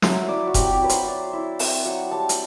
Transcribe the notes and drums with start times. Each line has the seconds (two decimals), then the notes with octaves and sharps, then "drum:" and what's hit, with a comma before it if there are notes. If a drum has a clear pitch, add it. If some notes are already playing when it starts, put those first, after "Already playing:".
0.02 F#3 E5, drum: snare
0.29 E4 D5
0.47 F#4
0.54 C4 G4, drum: kick F1, hi-hat
0.72 G4
0.81 F#3 B4
0.89 C5, drum: hi-hat
1.07 F#3 D5
1.33 E4
1.59 C4, drum: open hi-hat
1.85 F#3 F#5
2.11 G3 A5
2.29 drum: hi-hat